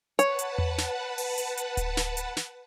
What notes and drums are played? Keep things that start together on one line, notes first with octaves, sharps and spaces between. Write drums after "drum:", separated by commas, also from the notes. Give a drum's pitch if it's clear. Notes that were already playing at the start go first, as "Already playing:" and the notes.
B4 C#5 F#5 A5, drum: hi-hat
drum: hi-hat
drum: tom E2
drum: snare
drum: open hi-hat
drum: hi-hat
drum: hi-hat
drum: kick D1, hi-hat
drum: snare
drum: hi-hat
drum: snare